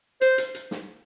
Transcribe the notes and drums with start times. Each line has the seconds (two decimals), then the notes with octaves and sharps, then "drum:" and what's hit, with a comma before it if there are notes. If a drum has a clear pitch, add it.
0.21 C5, drum: hi-hat
0.38 drum: hi-hat
0.55 drum: hi-hat
0.71 drum: snare